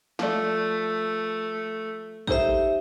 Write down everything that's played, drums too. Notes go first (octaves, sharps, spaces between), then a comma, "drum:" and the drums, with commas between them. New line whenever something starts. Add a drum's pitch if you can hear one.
F3 A3 D5, drum: snare
D#4 G4 A4 C5 E5, drum: kick